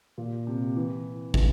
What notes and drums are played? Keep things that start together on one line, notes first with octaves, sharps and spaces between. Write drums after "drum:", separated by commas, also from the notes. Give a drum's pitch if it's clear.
A#2
C3
E3
E3, drum: kick